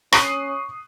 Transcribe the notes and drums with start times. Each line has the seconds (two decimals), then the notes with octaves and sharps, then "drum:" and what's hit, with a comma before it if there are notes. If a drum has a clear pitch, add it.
0.13 C#4 C#6 D#6 F#6 C7 D#7, drum: rim click